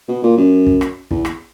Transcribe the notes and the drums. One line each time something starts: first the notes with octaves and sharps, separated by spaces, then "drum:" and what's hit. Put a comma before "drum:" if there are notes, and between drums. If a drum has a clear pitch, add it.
B2
A#2
F#2
drum: kick
drum: rim click
E2, drum: kick
drum: rim click